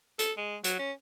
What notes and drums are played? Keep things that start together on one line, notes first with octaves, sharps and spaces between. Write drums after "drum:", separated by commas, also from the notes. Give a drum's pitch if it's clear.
A4, drum: hi-hat
G#3
F#3, drum: hi-hat
C#4